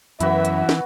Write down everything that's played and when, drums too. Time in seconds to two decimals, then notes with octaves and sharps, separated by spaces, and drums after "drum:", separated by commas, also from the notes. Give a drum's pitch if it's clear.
0.20 F#2 E3 B3 F#4 E5 B5, drum: hi-hat
0.45 drum: hi-hat
0.69 drum: snare